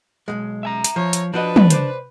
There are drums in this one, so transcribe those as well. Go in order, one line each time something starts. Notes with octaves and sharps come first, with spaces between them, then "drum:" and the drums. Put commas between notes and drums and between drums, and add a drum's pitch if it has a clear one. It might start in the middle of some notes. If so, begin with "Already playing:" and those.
B1 E2 G#3
E5 G#5 A#5
drum: hi-hat
F3 C#5
drum: hi-hat
F3 D4 F#4 B4 D#5
drum: tom
C5 D5, drum: hi-hat